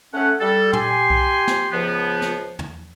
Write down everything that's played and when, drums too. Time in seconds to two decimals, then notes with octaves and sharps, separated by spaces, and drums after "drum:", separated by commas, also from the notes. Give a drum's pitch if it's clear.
0.14 A3 C#4 F#5
0.41 G3 A4
0.73 G4 G#5 C6, drum: tom
1.10 drum: kick B1
1.47 drum: snare
1.72 C#2 F3 B3
2.22 drum: snare
2.59 drum: tom